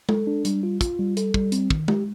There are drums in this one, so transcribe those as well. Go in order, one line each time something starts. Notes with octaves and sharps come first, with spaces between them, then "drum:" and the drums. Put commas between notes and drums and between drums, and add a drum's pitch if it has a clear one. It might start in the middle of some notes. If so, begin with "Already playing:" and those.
A4, drum: tom G#3
D4
G3, drum: hi-hat
F4
F4, drum: kick, hi-hat
G3
A4, drum: hi-hat
G3, drum: kick
C4, drum: hi-hat
D#3, drum: kick
G4, drum: tom G#3